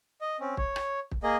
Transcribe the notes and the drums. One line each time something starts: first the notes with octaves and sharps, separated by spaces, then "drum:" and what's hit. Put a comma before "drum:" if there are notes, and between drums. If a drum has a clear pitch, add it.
D#5
C4 C#4
C#5, drum: kick
drum: rim click
drum: kick
A#3 G#4 D#5